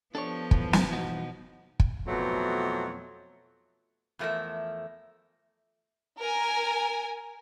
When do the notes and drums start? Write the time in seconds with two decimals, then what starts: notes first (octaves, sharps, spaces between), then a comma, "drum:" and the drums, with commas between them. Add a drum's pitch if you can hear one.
0.15 F3 B3 D4 G4 A4 C#5 D5
0.51 G2 E3, drum: kick
0.73 drum: snare
0.93 B2 D#4 F#4
1.80 drum: kick
2.07 F2 B2 E3 F#3 A3
4.19 E2 F3 A3 B3 A#4 E5
6.18 A#4 G#5